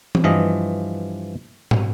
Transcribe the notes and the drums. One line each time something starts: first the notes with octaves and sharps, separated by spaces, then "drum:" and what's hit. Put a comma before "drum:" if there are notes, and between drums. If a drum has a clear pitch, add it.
drum: tom E3
G2 E3 F3 D#5
drum: tom